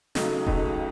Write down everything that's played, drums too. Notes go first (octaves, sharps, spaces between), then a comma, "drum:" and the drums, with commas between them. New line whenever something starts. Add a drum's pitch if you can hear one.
C#2 C#3 F#3 A3 D#4, drum: snare
C#2 C#3 F#3 A3 D#4, drum: kick E1